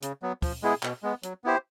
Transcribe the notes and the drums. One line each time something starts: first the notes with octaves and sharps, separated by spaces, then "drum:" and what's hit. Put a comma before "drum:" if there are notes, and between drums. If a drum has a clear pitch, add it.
C#3, drum: hi-hat
F#3 B3
F3, drum: kick, open hi-hat
G#3 B3 E4 G#4
B2, drum: clap
G#3 B3
F#3, drum: hi-hat
B3 E4 G4 C5